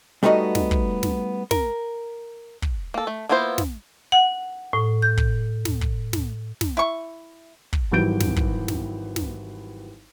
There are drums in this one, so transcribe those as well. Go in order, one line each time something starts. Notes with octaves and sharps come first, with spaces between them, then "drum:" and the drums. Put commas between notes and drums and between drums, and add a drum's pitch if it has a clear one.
G3 A3 B3 D#4 F#4 D#5
drum: snare
drum: kick
drum: snare
A#4, drum: snare
drum: kick
A#3 A4
A3
A#3 B3 E4 F4 C5
drum: snare
F#5
A2
G6
drum: kick
drum: snare
drum: kick
drum: snare
drum: snare
E4 C#6
drum: kick
G#1 E3 F#3 G3 G6 D7
drum: snare
drum: kick
drum: snare
drum: snare